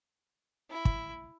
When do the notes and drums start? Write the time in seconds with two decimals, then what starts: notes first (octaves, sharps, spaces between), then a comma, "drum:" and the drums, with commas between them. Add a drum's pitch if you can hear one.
0.70 E4
0.85 drum: kick